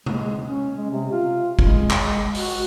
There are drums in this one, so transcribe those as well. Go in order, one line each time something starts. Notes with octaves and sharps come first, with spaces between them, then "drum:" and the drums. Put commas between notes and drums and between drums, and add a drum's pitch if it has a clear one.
G#3, drum: tom C3
C#4
G#3
C3
F4
G#3, drum: kick
G#3, drum: clap
F#4, drum: open hi-hat